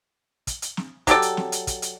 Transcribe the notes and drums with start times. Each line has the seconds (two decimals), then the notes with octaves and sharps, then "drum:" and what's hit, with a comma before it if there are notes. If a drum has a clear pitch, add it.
0.47 drum: kick, hi-hat
0.62 drum: hi-hat
0.77 drum: snare
1.07 F#3 G4 A4 D5, drum: kick, hi-hat
1.22 drum: hi-hat
1.37 drum: snare
1.52 drum: hi-hat
1.67 drum: kick, hi-hat
1.82 drum: hi-hat